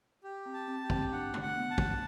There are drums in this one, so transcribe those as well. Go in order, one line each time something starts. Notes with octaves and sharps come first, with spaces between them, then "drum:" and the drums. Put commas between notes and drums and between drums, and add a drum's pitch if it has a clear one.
G4
C4
A5
C4
G4
C4, drum: kick
D4 F#5
D4, drum: tom
A3 F#5
B3
A5
A3, drum: kick